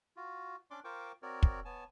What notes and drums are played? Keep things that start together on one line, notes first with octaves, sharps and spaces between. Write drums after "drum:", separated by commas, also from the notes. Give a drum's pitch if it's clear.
F4 F#4
C#4 D4 D5 C6 D6
F4 A#4 C5 G5 C#6 D6
C4 F#4 A#4 C#5 D5
drum: kick
B3 C#5 G#5 A5